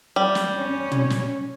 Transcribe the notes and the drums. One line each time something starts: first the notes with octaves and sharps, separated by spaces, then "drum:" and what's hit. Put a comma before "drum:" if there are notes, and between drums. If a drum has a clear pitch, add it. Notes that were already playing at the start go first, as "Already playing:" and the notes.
G3
drum: snare
C#4 C#5
drum: tom
drum: snare